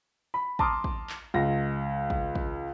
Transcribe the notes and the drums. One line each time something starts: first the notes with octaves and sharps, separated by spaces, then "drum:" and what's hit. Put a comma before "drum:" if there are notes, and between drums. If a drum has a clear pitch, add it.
B5
A5 A#5 C6 D6 D#6 F6, drum: kick
drum: kick
drum: clap
C#2 A#6
drum: kick
drum: kick